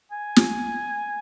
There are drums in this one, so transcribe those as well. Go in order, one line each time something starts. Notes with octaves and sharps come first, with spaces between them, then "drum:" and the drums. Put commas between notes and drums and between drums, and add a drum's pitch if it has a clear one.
G#5
drum: snare